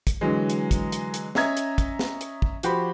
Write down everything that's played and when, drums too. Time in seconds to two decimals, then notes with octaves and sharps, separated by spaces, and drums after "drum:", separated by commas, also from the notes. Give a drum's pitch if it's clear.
0.07 drum: kick, hi-hat
0.21 D3 E3 F#3 G#3
0.50 drum: hi-hat
0.71 drum: kick, hi-hat
0.92 drum: hi-hat
1.14 drum: hi-hat
1.35 C#4 D#5 E5 A#5 D#6 G#6, drum: snare
1.57 drum: hi-hat
1.78 drum: kick, hi-hat
1.99 drum: snare
2.21 drum: hi-hat
2.42 drum: kick
2.63 F3 F#4 G4 C5 B5, drum: hi-hat